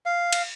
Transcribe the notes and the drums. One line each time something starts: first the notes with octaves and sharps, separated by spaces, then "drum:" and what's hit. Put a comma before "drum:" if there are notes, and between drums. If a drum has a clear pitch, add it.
F5
drum: cymbal